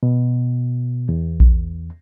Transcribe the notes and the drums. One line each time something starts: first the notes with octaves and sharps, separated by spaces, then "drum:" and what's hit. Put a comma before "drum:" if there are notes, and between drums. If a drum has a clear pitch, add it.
B2
E2
drum: kick A#1